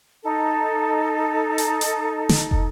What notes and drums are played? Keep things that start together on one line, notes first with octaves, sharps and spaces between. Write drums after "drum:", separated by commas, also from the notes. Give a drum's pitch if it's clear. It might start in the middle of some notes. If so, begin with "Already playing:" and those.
D#4 A4
drum: hi-hat
drum: hi-hat
drum: snare
drum: kick